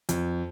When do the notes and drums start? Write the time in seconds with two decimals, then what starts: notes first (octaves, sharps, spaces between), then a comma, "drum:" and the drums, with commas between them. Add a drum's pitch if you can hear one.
0.09 F2, drum: hi-hat